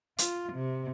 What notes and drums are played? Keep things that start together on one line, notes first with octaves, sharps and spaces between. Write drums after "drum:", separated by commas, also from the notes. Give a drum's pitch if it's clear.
F4, drum: hi-hat
C3